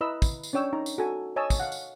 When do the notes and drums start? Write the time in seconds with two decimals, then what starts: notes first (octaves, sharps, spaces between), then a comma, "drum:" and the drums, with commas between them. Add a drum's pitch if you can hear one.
0.01 E4 B4 D#5 A#5 B5 E6
0.22 drum: kick, tambourine
0.43 drum: tambourine
0.53 C#4 D4 C#5 G5 E6
0.73 D#4 A#5
0.86 drum: tambourine
0.98 F#4 A4 G#5
1.36 C#5 D#5 G#5 A5 D#6 E6
1.50 drum: kick, tambourine
1.60 F5 F#5
1.72 drum: tambourine